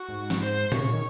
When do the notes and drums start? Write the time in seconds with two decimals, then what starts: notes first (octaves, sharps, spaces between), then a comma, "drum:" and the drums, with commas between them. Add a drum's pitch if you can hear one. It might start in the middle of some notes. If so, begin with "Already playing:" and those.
Already playing: F#4
0.09 G#2
0.30 drum: snare
0.40 C5
0.72 C3 C#5, drum: tom A#2
0.82 C#3
0.93 D#3